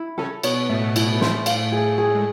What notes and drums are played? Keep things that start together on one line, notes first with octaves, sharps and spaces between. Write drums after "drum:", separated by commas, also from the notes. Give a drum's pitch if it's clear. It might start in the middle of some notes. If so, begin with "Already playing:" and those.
Already playing: E4
C#3 C#4 A4
B2 B3 C#5, drum: cymbal
A2 A3 E5
E4, drum: cymbal
A2 A3 C5, drum: snare
F5, drum: cymbal
G#4
G#4
G#3